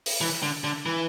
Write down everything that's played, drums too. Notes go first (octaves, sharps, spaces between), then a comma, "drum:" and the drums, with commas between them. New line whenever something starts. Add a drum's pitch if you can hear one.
drum: open hi-hat
E3
D3
D3
E3